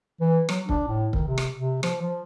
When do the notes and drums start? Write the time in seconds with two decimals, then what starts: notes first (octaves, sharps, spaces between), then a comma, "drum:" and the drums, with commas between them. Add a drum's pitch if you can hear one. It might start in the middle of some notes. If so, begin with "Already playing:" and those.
0.21 E3
0.49 F#3, drum: rim click
0.69 D4, drum: kick C#1
0.88 A2
1.13 D#3, drum: kick C#1
1.28 C3
1.38 drum: rim click
1.55 C3
1.83 F3, drum: rim click
2.02 F3